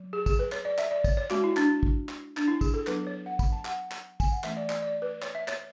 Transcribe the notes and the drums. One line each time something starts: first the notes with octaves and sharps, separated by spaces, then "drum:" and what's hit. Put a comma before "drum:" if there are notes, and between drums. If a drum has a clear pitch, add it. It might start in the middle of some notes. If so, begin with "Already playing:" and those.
Already playing: F#3
G#4
G#4, drum: kick, tambourine
B4
C#5, drum: clap
D5
E5, drum: clap
D5
C#5, drum: kick, tambourine
C#5
G#3 C#4 F#4, drum: clap
E4
D4, drum: clap
drum: kick
drum: clap
D4, drum: clap
E4
G#4, drum: kick, tambourine
A4
F#3 B3 D4 B4, drum: clap
C#5
F#5
B5, drum: kick, tambourine
A5
F#5, drum: clap
drum: clap
G#5, drum: kick, tambourine
F#5
E3 A3 C#4 E5, drum: clap
D5
D5, drum: clap
D5
B4
C#5, drum: clap
E5
C#5, drum: clap